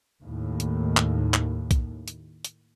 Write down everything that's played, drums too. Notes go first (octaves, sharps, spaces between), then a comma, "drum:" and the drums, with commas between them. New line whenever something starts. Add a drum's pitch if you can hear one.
D#2 A2
drum: hi-hat
drum: clap
drum: clap
drum: kick B1, hi-hat
drum: hi-hat
drum: hi-hat